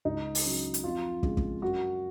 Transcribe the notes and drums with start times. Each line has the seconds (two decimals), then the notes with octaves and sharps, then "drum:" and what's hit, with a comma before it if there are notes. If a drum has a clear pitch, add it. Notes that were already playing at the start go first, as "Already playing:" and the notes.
0.05 C#2 D#4
0.35 drum: open hi-hat
0.44 C#3 F#3
0.74 drum: hi-hat
0.83 F2 F4
1.23 C#3 F3 G#3, drum: kick
1.37 drum: kick
1.62 F#2 F#4